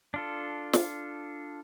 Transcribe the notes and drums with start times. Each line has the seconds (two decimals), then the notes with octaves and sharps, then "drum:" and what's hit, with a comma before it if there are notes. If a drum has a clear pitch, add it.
0.14 D4 F4 A4
0.73 drum: snare